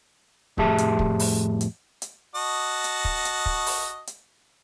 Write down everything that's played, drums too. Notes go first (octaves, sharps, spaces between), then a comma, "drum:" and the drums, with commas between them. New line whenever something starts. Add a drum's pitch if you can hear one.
F2 A2 G4 G#4 E5 A5, drum: kick
drum: hi-hat
drum: kick
drum: open hi-hat
drum: hi-hat
drum: hi-hat
F#4 D#5 A5
drum: hi-hat
drum: kick
drum: hi-hat
drum: kick
drum: open hi-hat
drum: hi-hat